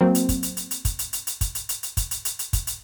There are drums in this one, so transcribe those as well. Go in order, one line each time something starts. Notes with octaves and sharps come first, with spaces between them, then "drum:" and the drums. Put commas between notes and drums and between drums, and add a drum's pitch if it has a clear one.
F#3 A#3 C4
drum: hi-hat
drum: kick, hi-hat
drum: hi-hat
drum: hi-hat
drum: hi-hat
drum: kick, hi-hat
drum: hi-hat
drum: hi-hat
drum: hi-hat
drum: kick, hi-hat
drum: hi-hat
drum: hi-hat
drum: hi-hat
drum: kick, hi-hat
drum: hi-hat
drum: hi-hat
drum: hi-hat
drum: kick, hi-hat
drum: hi-hat